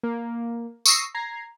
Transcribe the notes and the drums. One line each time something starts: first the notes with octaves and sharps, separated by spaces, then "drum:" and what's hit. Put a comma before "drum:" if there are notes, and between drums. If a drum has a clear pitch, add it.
A#3
C#6 D#6 E6 A#6 C7, drum: tambourine
A#5 G#6 C7